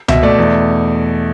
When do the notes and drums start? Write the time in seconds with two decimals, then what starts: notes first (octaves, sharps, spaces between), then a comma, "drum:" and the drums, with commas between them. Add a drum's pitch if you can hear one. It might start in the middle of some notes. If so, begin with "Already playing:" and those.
0.08 B2 E5, drum: tom C#2
0.23 A3 D5
0.38 E2